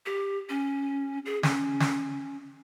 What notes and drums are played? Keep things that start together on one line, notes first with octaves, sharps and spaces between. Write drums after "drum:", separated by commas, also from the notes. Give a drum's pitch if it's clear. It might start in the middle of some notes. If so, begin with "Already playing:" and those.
G4
C#4
G#4
C#4, drum: snare
drum: snare